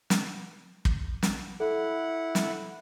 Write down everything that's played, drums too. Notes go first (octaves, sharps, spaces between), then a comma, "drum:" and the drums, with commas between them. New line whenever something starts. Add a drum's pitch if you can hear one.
drum: snare
drum: kick
drum: snare
E4 A4 F#5
drum: snare